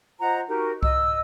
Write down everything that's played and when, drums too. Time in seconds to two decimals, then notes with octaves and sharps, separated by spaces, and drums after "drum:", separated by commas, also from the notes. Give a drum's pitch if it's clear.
0.20 F4 C5 D#5 F#5 A#5
0.49 D#4 F#4 G4 A#4
0.83 D#5 E6, drum: kick C2